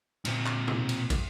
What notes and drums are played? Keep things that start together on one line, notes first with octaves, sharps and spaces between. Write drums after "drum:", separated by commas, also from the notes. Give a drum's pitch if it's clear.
A#2 C4, drum: cymbal
drum: clap
drum: tom B2
drum: cymbal
drum: kick, cymbal